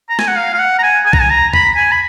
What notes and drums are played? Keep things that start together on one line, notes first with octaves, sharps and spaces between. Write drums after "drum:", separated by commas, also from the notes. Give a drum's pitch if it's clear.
A#5
G#5, drum: snare
F#5
F5
F5
F#5
A#5
G#5
G#5
A#5, drum: kick
G#5
A#5
B5, drum: tom E2
G#5
B5